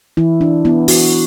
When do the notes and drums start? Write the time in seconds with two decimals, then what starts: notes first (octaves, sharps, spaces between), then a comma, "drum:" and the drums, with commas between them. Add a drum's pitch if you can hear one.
0.17 E3 E4
0.41 D4
0.65 B3 E4
0.88 F#4, drum: open hi-hat